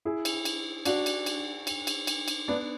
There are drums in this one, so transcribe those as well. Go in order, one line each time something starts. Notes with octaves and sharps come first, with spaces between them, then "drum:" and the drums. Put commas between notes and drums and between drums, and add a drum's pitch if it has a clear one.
E4 G#4
drum: cymbal
drum: cymbal
D4 F#4, drum: cymbal
drum: cymbal
drum: cymbal
drum: cymbal
drum: cymbal
drum: cymbal
drum: cymbal
B3 D4